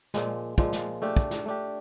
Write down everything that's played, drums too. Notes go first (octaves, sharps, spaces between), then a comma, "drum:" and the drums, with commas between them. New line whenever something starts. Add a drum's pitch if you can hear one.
A#2 F3 G#3, drum: snare
A#2 F3 G#3, drum: kick
drum: snare
A3 D4 G4
drum: kick
drum: snare
A3 D4 G4